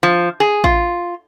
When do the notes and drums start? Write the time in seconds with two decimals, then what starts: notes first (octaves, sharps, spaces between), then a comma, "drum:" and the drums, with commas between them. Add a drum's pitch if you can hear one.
0.03 F3
0.40 G#4
0.64 F4, drum: kick A1